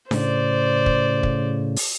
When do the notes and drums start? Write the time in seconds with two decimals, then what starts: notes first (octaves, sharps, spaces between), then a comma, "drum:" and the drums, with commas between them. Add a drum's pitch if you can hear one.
0.11 A2 C#3 C5 D5, drum: snare D4
0.86 drum: kick
1.23 drum: kick
1.76 drum: open hi-hat